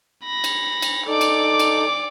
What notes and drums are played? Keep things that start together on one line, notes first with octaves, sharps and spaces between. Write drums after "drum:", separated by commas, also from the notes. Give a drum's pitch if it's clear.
B5 A#6
drum: cymbal
drum: cymbal
D#4 A4 D5 D6
drum: cymbal
drum: cymbal